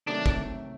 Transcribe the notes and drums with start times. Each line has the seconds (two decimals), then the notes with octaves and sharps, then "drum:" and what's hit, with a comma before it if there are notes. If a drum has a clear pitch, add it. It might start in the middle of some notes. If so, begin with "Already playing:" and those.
0.07 C3 D#3 F#3 A3 D4
0.26 drum: kick